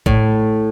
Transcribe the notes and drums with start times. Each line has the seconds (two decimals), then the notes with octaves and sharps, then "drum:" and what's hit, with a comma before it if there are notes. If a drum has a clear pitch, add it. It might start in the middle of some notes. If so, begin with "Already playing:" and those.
0.06 A2, drum: kick